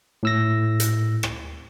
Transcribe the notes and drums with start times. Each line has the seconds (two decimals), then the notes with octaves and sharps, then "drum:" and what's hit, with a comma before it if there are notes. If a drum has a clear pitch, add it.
0.23 A2 E6 A#6
0.80 drum: hi-hat
1.23 drum: rim click